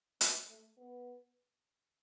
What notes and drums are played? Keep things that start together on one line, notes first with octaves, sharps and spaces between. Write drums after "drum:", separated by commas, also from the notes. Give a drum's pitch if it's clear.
B3, drum: hi-hat
A3
B3